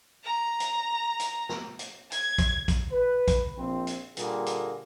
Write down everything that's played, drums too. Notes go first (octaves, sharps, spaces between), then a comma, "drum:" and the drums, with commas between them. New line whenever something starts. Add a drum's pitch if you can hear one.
A#5
drum: hi-hat
drum: hi-hat
drum: snare
drum: hi-hat
G#6, drum: hi-hat
drum: kick, hi-hat
drum: kick, hi-hat
B4
drum: kick, hi-hat
A#1 C4
drum: hi-hat
A#2 D3 G3 A#3 G#4, drum: hi-hat
drum: hi-hat